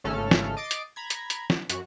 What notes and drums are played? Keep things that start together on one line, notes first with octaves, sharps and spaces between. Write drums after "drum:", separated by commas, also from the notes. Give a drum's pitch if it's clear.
G#1 C#3 A3 C#4 A4 F6
drum: snare
D#5 D6 A6 C7 D7
drum: hi-hat
A#5 B5 G#6
drum: hi-hat
drum: hi-hat
drum: snare
F#2 F#4, drum: hi-hat